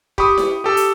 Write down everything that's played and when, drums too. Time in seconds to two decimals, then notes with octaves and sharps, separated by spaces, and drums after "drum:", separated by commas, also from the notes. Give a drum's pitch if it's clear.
0.18 G4 B5 C#6 D#6, drum: kick
0.38 drum: snare E4
0.64 G4 A4
0.77 drum: hi-hat